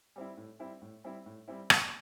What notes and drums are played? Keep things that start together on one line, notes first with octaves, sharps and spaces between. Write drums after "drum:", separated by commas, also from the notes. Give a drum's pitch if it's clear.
G3 C4 E4
A2
G3 C4 E4
A2
G3 C4 E4
A2
G3 C4 E4
F#1, drum: rim click